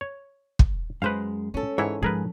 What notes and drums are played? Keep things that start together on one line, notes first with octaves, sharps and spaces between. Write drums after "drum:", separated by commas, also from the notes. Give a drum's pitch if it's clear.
C#5
drum: kick
F#2 G#3 B4 C5 F5
G#3 C#4 A4
G#2 E3 E4 C#5
G#2 F3 G#4 A#4 B4